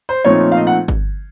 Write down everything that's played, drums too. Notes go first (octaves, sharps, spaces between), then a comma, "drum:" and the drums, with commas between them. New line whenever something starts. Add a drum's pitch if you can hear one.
C5
A#2 F3 A3 C4 D#4 C#5
F5
D#5
F#5
drum: kick G1